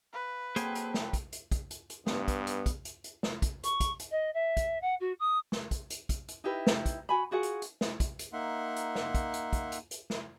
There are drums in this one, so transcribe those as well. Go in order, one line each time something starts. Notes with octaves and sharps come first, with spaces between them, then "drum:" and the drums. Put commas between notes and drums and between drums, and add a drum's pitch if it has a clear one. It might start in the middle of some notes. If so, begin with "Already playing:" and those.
B4 F5
F#3 A#3 C4 G#4 A4 C5, drum: hi-hat
drum: hi-hat
drum: snare
drum: kick, hi-hat
drum: hi-hat
drum: kick, hi-hat
drum: hi-hat
drum: hi-hat
G2 B3, drum: snare
drum: kick, hi-hat
drum: hi-hat
drum: kick, hi-hat
drum: hi-hat
drum: hi-hat
drum: snare
drum: kick, hi-hat
C#6, drum: hi-hat
drum: kick, hi-hat
drum: hi-hat
D#5
E5
drum: kick, hi-hat
F#5
F#4
D#6
drum: snare
drum: kick, hi-hat
drum: hi-hat
drum: kick, hi-hat
drum: hi-hat
D#4 E4 G4 B4
drum: snare
drum: kick, hi-hat
F#4 G#5 B5
F4 F#4 G#4 F#5
drum: hi-hat
drum: hi-hat
drum: snare
drum: kick, hi-hat
drum: hi-hat
A#3 D#4 E5 F#5 C6
drum: hi-hat
drum: snare
drum: kick, hi-hat
drum: hi-hat
drum: kick, hi-hat
drum: hi-hat
drum: hi-hat
drum: snare